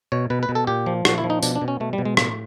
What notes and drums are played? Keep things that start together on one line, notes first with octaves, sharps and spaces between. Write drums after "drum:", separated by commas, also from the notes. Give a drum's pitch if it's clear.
B2 C#5
B2 B4
B4
B2
A4
A#2 G4
F3
A#2 F#4, drum: rim click
E4
F3
D#4
B2 D4, drum: tambourine
D4
B2
C#4
B2 A3
G3
B2
G#3
A2, drum: rim click